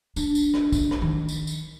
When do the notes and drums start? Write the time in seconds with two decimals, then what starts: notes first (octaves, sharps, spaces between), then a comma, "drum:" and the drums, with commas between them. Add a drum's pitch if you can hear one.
0.16 D4, drum: tambourine
0.35 drum: tambourine
0.54 drum: rim click
0.72 drum: kick, tambourine
0.91 drum: rim click
1.02 D#3
1.29 drum: tambourine
1.47 drum: tambourine